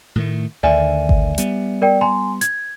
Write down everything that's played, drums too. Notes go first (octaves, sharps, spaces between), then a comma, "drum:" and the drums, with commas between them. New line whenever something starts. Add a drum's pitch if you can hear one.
A2 D#3 A3
D2 D3 D#3 D5 E5 G#5
drum: kick G#1
G3 B3, drum: hi-hat
A#4 D5 G5
G#5 A#5 C6
G#6, drum: hi-hat